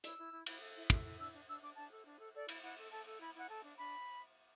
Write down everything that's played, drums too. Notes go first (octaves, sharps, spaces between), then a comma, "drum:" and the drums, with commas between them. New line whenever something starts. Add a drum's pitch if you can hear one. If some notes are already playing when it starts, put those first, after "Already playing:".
E4 E6, drum: hi-hat
E4
E4
E4, drum: cymbal
A4
E4
A4, drum: kick
E4
D4 E6
D4
D4 E6
D4 D6
D4 A5
A4
D4
A4
A4 D5
E4, drum: cymbal
E4 F#5
A4
A4 A5
A4
E4 B5
E4 F#5
A4 A5
D4
D4 B5